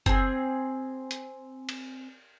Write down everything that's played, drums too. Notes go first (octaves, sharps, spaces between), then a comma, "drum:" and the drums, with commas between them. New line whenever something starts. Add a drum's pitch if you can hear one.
C4 G#4, drum: kick F#1
drum: hi-hat
drum: cymbal